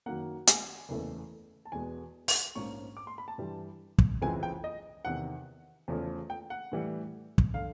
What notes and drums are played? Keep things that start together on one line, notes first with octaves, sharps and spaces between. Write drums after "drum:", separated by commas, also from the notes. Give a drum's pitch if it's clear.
F#2 D#3 F#3 A#3 F#5
G#5, drum: hi-hat
F#1 E2 C#3 E3 A3
A5
E2 B2 G#3 B3 G#5
drum: open hi-hat
A#1 G#2 F3 A#3 C#4 C#6
D6
C6
B5
A5
G2 E3 G3
drum: kick
F2 C#3 E3 G#3 C4 G#5
G5
D#5
E2 C3 D#3 F#5
E2 C#3 F3 A3
G5
F#5
A2 E3 G3
drum: kick
D3 F5